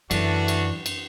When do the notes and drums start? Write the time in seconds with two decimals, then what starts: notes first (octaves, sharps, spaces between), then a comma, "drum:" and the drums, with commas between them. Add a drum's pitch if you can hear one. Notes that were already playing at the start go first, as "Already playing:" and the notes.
0.11 F#2 E3 A3 D4 F#4, drum: cymbal
0.48 drum: cymbal
0.86 drum: cymbal